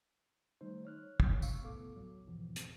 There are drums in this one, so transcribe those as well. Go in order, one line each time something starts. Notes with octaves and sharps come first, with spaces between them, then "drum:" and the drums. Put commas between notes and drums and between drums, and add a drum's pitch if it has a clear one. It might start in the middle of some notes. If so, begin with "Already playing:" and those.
D#3 G3 A3 D#4 C5
C#5 F6 F#6
drum: kick
E2 C3 F5 C#6 E6, drum: tambourine
A2 B3 A4 D6
D2 F#3
G#1 E2 G#2 B2 E3 F3
drum: hi-hat